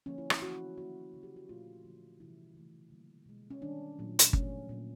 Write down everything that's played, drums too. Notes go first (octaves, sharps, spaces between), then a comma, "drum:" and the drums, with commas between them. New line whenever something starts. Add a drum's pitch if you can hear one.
D3 F3 A#3 C#4
E4
E4, drum: rim click
C#3 E3 A3 F#4
D3 F#3 A#3 F#4
C#3 F3 A#3
G4
F#4
A#2 F3 A3 F4
D3 F3 A3
C3 E3 G3 E4
C#3 E3 A3
D3 G3 A#3
B2 G#3
C#4
D#3 G3 A#3 D4
A#2 F#3 A3
drum: hi-hat
C#3 F3 A3 C#4, drum: kick G1
A#2 F#3 A#3